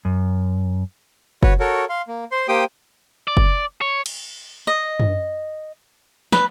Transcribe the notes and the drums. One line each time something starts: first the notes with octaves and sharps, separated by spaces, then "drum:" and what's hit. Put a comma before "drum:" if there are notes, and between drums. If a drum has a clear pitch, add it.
F#2
F#4 B4 C#5, drum: kick F#1
F#4 A4 A#4 C#5
F5 C6
A#3
C5 C6
A#3 G4 C5 G5 D#6
D5
drum: kick F#1
C#5
drum: cymbal
D#5
drum: tom F#2
B4, drum: snare